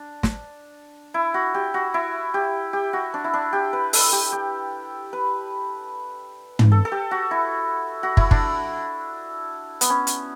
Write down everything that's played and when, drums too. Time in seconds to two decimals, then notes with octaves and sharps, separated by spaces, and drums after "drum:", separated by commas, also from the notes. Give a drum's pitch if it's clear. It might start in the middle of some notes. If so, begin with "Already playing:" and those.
Already playing: D4
0.23 drum: snare
1.14 E4
1.34 F#4
1.54 G4
1.74 F#4
1.94 E4
2.34 G4
2.73 G4
2.93 F#4
3.14 D4
3.24 E4
3.34 D4
3.53 G4
3.73 B4
3.93 A4, drum: open hi-hat
4.12 G4
4.32 G4
5.13 B4
6.59 drum: tom
6.72 A4
6.85 A4
6.92 G4
7.11 F#4
7.31 E4
8.03 F#4
8.17 E4, drum: kick
8.31 D4, drum: kick
9.81 B3, drum: hi-hat
9.90 C#4
10.07 drum: hi-hat